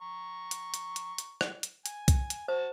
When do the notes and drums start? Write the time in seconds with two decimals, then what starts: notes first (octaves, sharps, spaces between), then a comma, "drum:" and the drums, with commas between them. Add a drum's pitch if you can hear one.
0.02 A#5 C#6
0.51 drum: hi-hat
0.74 drum: hi-hat
0.96 drum: hi-hat
1.18 drum: hi-hat
1.41 drum: rim click
1.63 drum: hi-hat
1.86 G#5, drum: hi-hat
2.08 drum: kick B1, hi-hat
2.30 drum: hi-hat
2.48 F#4 C5 A5